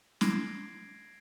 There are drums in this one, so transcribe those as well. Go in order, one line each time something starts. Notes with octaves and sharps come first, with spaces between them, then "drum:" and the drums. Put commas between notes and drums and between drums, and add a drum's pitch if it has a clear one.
G#6 A#6 C7 D7, drum: snare